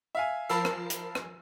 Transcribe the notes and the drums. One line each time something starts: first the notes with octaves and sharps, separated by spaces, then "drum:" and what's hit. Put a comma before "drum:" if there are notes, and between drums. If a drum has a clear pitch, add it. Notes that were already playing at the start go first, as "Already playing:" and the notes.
E5 F5 G#5
F3 A#4 A5 B5 E6 C7
drum: rim click
drum: hi-hat
drum: rim click